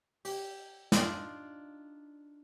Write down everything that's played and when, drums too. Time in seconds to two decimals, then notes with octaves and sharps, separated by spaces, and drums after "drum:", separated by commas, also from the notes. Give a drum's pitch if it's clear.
0.25 G4, drum: open hi-hat
0.92 D4 D#4 F4 D5, drum: snare